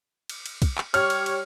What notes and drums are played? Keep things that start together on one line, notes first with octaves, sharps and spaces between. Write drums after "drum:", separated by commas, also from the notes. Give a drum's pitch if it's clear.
drum: cymbal
drum: cymbal
drum: kick, cymbal
drum: clap
G3 G4 C#5 F6, drum: cymbal
drum: cymbal
drum: cymbal